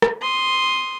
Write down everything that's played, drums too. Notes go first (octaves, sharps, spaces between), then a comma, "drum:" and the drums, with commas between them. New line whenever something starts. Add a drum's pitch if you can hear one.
drum: rim click
C6 D#6